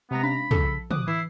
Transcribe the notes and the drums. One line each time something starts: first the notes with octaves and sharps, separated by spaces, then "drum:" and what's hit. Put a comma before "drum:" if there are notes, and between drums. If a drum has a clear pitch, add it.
C3 G#3 B3 C4 A#5 A#6
C#4 D4 F5 B5
C#3 F3 A4, drum: tom
D3 F3 D6 D#6 F#6, drum: tom
E3 E4 C7